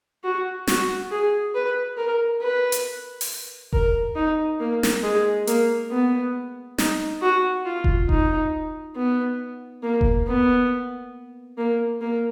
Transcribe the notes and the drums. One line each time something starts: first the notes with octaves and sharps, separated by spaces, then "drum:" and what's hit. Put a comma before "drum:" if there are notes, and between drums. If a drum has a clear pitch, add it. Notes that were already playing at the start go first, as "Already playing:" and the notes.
F#4
F#4, drum: snare
G#4
B4
A#4
B4
drum: hi-hat
drum: open hi-hat
A#4, drum: kick F1
D#4
A#3
drum: snare
G#3
A#3, drum: hi-hat
B3
D#4, drum: snare
F#4
F4
drum: kick F1
D#4, drum: kick F1
B3
A#3
drum: kick F1
B3
A#3
A#3